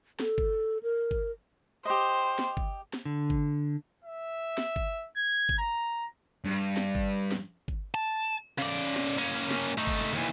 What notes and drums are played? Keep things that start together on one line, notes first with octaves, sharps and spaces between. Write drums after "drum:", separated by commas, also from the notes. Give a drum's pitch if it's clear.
A4, drum: snare
drum: kick G1
A#4
drum: kick G1
G4 C5 D#5
drum: snare
drum: kick G1
drum: snare
D3
drum: kick G1
E5
drum: snare
drum: kick G1
G#6
drum: kick G1
A#5
G2
drum: snare
drum: kick G1
drum: snare
drum: kick G1
A5
C#3 D5
drum: snare
A#3 C#4
drum: snare
A3 D#4
drum: kick G1
D#2 E3